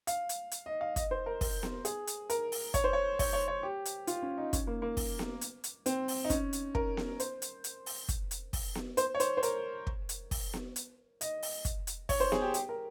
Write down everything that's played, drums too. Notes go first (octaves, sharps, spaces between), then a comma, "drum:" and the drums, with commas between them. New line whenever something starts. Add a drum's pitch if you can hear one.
F5, drum: hi-hat
drum: hi-hat
drum: hi-hat
D#5
F5
D#5, drum: kick, hi-hat
C5
A#4
A#4, drum: kick, open hi-hat
drum: snare B3
G#4, drum: hi-hat
drum: hi-hat
A#4, drum: hi-hat
drum: open hi-hat
C#5, drum: kick, hi-hat
C5
C#5
C#5, drum: kick, open hi-hat
C#5
C#5
G4
drum: hi-hat
F4, drum: hi-hat
C#4
D#4
C#4, drum: kick, hi-hat
A#3
A#3
drum: kick, open hi-hat
drum: snare B3
drum: hi-hat
drum: hi-hat
C4, drum: hi-hat
drum: open hi-hat
D#4
C#4, drum: kick, hi-hat
drum: hi-hat
A#4, drum: kick
drum: snare B3
C5, drum: hi-hat
drum: hi-hat
drum: hi-hat
drum: open hi-hat
drum: kick, hi-hat
drum: hi-hat
drum: kick, open hi-hat
drum: snare B3
C5, drum: hi-hat
C#5
C5, drum: hi-hat
C5
A#4, drum: hi-hat
drum: kick
drum: hi-hat
drum: kick, open hi-hat
drum: snare B3
drum: hi-hat
D#5, drum: hi-hat
drum: open hi-hat
drum: kick, hi-hat
drum: hi-hat
C#5, drum: kick, open hi-hat
C5
G#4, drum: snare B3
G4
G4, drum: hi-hat
A#4